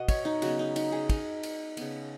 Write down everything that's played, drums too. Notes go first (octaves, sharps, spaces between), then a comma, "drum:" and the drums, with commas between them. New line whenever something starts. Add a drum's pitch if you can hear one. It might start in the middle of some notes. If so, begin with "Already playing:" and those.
Already playing: B2 D#5 F#5
C#5, drum: kick, cymbal
D#4
C#3 F#3 B3 F#4, drum: cymbal
D#4
D#4, drum: cymbal
G#4
D#4, drum: kick, cymbal
drum: cymbal
C#3 B3, drum: cymbal